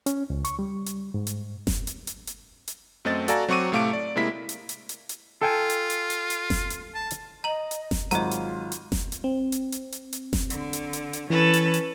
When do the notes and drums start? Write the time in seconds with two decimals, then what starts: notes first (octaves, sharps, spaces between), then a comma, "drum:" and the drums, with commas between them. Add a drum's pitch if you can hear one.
0.06 C#4, drum: hi-hat
0.30 C#2
0.45 C#6, drum: hi-hat
0.59 G3
0.86 drum: hi-hat
1.14 G#2
1.27 drum: hi-hat
1.67 drum: snare F#1
1.87 drum: hi-hat
2.07 drum: hi-hat
2.27 drum: hi-hat
2.68 drum: hi-hat
3.05 F#2 A3 C4 D#5 A6
3.28 F#4 A4 D5 F5 G#5 A#5, drum: hi-hat
3.48 F#3 C4 F#5 C#6 D6 D#7
3.72 A2 C3 A3 F5 D6 D7
3.93 D5
4.16 C3 G#3 A#3 E4 B6
4.49 drum: hi-hat
4.69 drum: hi-hat
4.89 drum: hi-hat
5.09 drum: hi-hat
5.42 F4 A4 G5 G#5
5.70 drum: hi-hat
5.90 drum: hi-hat
6.10 drum: hi-hat
6.30 drum: hi-hat
6.50 drum: snare F#1
6.70 drum: hi-hat
6.95 A5
7.11 drum: hi-hat
7.44 D#5 A#5 F#7
7.71 drum: hi-hat
7.91 drum: snare F#1
8.11 G#1 F#3 F4 D#5 A#5, drum: hi-hat
8.31 drum: hi-hat
8.72 drum: hi-hat
8.92 drum: snare F#1
9.12 drum: hi-hat
9.24 C4
9.52 drum: hi-hat
9.72 drum: hi-hat
9.92 drum: hi-hat
10.13 drum: hi-hat
10.33 drum: snare F#1
10.50 D3, drum: hi-hat
10.73 drum: hi-hat
10.93 drum: hi-hat
11.13 drum: hi-hat
11.30 E3 C#4 A4 B4
11.54 drum: hi-hat
11.74 drum: hi-hat